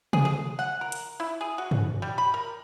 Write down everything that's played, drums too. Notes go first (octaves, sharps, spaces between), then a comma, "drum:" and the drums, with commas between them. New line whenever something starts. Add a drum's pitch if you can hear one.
G#4, drum: tom C3
G#4
F#5
A#4
drum: hi-hat
E4
G#4
F#4
drum: tom G2
G3
B5
A#4